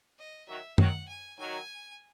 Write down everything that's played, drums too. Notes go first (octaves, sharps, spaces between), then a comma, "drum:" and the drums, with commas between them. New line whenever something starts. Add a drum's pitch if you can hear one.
D#5
D#3 F#3 E5
D#3 F#3 F#5, drum: tom F#2
G#5
D#3 F#3 G#5